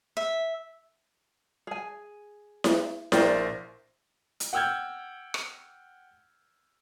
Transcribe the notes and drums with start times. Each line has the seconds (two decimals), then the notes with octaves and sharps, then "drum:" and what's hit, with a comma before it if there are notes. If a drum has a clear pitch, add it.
0.17 E5
1.67 G#4 G#5
2.64 drum: snare E4
3.12 A#1 A#4 C5 D5 G5, drum: snare E4
4.40 drum: hi-hat
4.53 F#5 G5 E6 F6 G6 G#6
5.34 drum: rim click